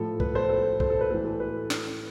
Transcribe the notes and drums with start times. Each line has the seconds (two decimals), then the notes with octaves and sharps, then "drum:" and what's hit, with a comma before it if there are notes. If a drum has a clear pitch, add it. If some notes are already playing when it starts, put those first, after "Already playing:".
Already playing: A2 F3 A4
0.20 B4, drum: kick
0.35 A4 C5
0.50 A4
0.80 A4 C5, drum: kick
0.90 A4
1.01 B4
1.10 A2 E3 A4
1.25 A4
1.40 B4
1.70 drum: snare